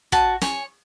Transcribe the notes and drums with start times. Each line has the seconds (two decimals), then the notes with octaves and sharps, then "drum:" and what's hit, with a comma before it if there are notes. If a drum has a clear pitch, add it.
0.12 F#4 A5, drum: kick, hi-hat
0.42 C#5 G#5, drum: snare